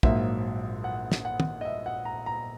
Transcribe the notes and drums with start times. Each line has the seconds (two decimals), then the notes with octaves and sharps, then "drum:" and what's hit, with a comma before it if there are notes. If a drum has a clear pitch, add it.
0.03 A#1 G#2 F#3 A#3 E5, drum: kick
0.84 F#5
1.12 drum: snare
1.25 F#5
1.40 drum: tom
1.61 D#5
1.65 E5
1.86 F#5
2.05 A#5
2.26 A#5